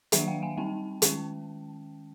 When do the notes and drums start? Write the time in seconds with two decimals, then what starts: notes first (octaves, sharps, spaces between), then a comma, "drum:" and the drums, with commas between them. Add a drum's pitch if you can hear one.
0.12 D#3 F#3 A#3 D4 E5 F#5, drum: hi-hat
0.28 F5 G5
0.42 F#5 G#5
0.57 G3 C4 D#4 G5 A5
1.02 D#3 G#3 C#4, drum: hi-hat